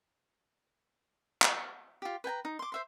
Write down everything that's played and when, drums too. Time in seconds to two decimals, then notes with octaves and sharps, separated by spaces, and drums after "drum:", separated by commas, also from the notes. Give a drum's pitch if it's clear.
1.42 drum: clap
2.02 F4 G4
2.24 B4 G5 G#5 A#5
2.45 D#4
2.59 C6 D6
2.72 C5 E5 C6